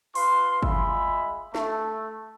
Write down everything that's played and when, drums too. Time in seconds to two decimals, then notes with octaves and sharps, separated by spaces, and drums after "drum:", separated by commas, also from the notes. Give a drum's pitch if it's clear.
0.15 F4 B4 C6, drum: open hi-hat
0.63 G#3 F4 E5 B5, drum: kick
1.55 A3, drum: snare